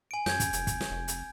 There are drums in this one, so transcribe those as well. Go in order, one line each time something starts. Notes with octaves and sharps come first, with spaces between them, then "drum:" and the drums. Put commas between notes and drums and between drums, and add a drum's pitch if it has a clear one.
G#5 D7
F#2 G6 G#6, drum: snare
drum: kick, hi-hat
F1, drum: hi-hat
drum: kick, hi-hat
drum: snare
F1
drum: hi-hat